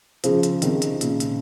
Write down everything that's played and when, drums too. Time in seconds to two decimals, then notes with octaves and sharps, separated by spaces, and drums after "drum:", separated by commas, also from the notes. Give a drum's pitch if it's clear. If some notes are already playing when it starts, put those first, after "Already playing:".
0.24 C#3 F3 F4 G#4 C5, drum: hi-hat
0.43 drum: hi-hat
0.62 C3 D#3, drum: hi-hat
0.82 drum: hi-hat
1.01 A#2 C#3, drum: hi-hat
1.20 drum: hi-hat